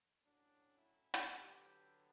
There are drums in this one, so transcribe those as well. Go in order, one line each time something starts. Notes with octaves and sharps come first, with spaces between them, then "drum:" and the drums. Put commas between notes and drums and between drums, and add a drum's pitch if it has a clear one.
A2 F#3 C#4 D4
E4
drum: hi-hat
D3 F#3 B3 G4